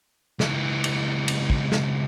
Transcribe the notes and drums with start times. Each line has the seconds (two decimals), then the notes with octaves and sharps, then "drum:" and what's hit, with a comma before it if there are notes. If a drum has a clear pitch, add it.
0.40 C#2 E3, drum: snare
0.84 drum: cymbal
1.28 drum: cymbal
1.50 drum: kick
1.72 drum: snare